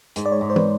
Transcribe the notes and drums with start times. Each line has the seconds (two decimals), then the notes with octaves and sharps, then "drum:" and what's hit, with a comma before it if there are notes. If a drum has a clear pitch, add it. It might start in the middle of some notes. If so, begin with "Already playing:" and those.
0.16 G#2, drum: hi-hat
0.26 D5
0.32 C#5
0.41 G#2
0.50 C5
0.56 B4, drum: tom